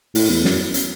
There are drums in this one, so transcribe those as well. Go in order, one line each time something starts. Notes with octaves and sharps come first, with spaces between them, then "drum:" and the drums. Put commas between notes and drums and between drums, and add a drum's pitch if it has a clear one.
A2, drum: open hi-hat
E2
F#2, drum: snare
drum: hi-hat